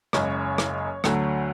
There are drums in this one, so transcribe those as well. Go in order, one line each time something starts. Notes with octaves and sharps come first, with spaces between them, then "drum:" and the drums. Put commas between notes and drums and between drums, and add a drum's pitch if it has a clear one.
F#1 F#2 C#3 G#3 C#5, drum: rim click
drum: rim click
D2 D3 F#3 A3, drum: rim click